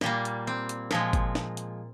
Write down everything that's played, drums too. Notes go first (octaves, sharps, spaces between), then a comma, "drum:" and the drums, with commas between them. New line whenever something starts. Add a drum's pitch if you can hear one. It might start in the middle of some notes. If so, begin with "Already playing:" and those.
A#2 G3 A#3, drum: snare
drum: hi-hat
C4
drum: hi-hat
A#2 F3 G#3, drum: snare
drum: kick G1, hi-hat
drum: snare
drum: hi-hat